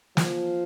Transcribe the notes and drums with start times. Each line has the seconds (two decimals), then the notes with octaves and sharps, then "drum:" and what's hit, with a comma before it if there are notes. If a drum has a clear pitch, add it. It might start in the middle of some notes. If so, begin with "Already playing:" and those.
0.17 F3, drum: snare